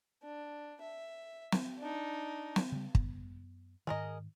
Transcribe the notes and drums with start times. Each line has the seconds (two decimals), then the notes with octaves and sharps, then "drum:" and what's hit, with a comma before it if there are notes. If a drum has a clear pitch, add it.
0.23 D4
0.81 E5
1.52 drum: snare
1.79 D4 D#4
2.56 drum: snare
2.72 C#3 G3
2.95 F#2 B3, drum: kick
3.87 G#2 D#3 G#4 A#4 D#5